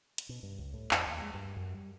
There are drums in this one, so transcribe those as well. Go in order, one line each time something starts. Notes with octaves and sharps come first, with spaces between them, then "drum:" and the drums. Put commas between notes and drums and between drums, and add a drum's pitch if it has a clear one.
drum: hi-hat
B2
G2
C#2
A2
F2, drum: clap
D#2
G#3
G2
F#2
G3